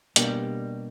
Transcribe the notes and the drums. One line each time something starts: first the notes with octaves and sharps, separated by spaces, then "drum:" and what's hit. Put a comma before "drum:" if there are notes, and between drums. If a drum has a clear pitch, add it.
B2 G3 A#3 D4 G4, drum: hi-hat